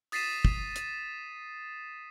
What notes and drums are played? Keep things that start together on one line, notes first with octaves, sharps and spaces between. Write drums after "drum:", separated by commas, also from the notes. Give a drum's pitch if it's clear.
D#6 A6 B6 C7 D#7 E7, drum: open hi-hat
drum: kick
drum: hi-hat